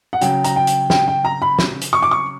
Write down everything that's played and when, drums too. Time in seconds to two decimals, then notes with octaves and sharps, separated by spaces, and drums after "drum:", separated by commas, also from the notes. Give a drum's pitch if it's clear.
0.13 F#5
0.21 C#3 F#3 G5, drum: hi-hat
0.44 A#5, drum: hi-hat
0.56 G5
0.67 drum: hi-hat
0.90 G5, drum: snare
1.08 G5
1.25 A#5
1.42 B5
1.59 drum: snare
1.81 drum: hi-hat
1.93 C#6
2.03 D6
2.11 C#6